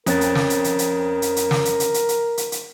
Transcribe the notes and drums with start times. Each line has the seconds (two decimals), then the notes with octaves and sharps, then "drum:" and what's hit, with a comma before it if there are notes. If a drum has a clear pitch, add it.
0.07 F2 C#4 A#4 C#5 A6, drum: hi-hat
0.21 drum: hi-hat
0.35 drum: snare
0.50 drum: hi-hat
0.64 drum: hi-hat
0.79 drum: hi-hat
1.22 drum: hi-hat
1.36 drum: hi-hat
1.51 drum: snare
1.65 drum: hi-hat
1.80 drum: hi-hat
1.94 drum: hi-hat
2.09 drum: hi-hat
2.37 drum: hi-hat
2.52 drum: hi-hat